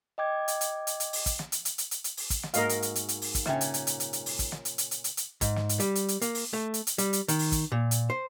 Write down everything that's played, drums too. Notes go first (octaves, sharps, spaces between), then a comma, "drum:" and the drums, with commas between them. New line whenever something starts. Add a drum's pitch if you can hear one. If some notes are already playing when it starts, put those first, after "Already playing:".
D#5 G5 D6 G#6
drum: hi-hat
drum: hi-hat
drum: hi-hat
drum: hi-hat
drum: open hi-hat
drum: kick, hi-hat
drum: snare
drum: hi-hat
drum: hi-hat
drum: hi-hat
drum: hi-hat
drum: hi-hat
drum: open hi-hat
drum: kick, hi-hat
drum: snare
G#2 A#3 F#4 A#4 D#5 F5, drum: hi-hat
drum: hi-hat
drum: hi-hat
drum: hi-hat
drum: hi-hat
drum: open hi-hat
drum: kick, hi-hat
A#2 C#3 C#4 E5 G5, drum: snare
drum: hi-hat
drum: hi-hat
drum: hi-hat
drum: hi-hat
drum: hi-hat
drum: open hi-hat
drum: kick, hi-hat
drum: snare
drum: hi-hat
drum: hi-hat
drum: hi-hat
drum: hi-hat
drum: hi-hat
G#2, drum: kick, hi-hat
drum: snare
drum: hi-hat
G3, drum: hi-hat
drum: hi-hat
drum: hi-hat
A#3, drum: hi-hat
drum: open hi-hat
A3
drum: hi-hat
drum: hi-hat
G3, drum: hi-hat
drum: hi-hat
D#3, drum: hi-hat
drum: open hi-hat
drum: kick, hi-hat
A#2
drum: hi-hat
C5